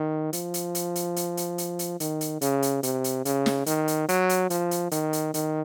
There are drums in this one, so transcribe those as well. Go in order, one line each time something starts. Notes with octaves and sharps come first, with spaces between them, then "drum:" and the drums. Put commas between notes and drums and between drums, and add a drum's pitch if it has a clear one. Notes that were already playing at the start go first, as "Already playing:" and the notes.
Already playing: D#3
F3, drum: hi-hat
drum: hi-hat
drum: hi-hat
drum: hi-hat
drum: hi-hat
drum: hi-hat
drum: hi-hat
drum: hi-hat
D#3, drum: hi-hat
drum: hi-hat
C#3, drum: hi-hat
drum: hi-hat
C3, drum: hi-hat
drum: hi-hat
C#3, drum: hi-hat
drum: snare
D#3, drum: hi-hat
drum: hi-hat
F#3, drum: hi-hat
drum: hi-hat
F3, drum: hi-hat
drum: hi-hat
D#3, drum: hi-hat
drum: hi-hat
D#3, drum: hi-hat